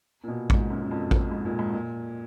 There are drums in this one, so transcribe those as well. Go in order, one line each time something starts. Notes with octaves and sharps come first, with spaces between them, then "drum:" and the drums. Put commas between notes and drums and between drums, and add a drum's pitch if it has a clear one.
A#2
B2
G#2, drum: kick A1
F#2
F#2
F2
drum: kick A1
G#2
A#2
G#2
A#2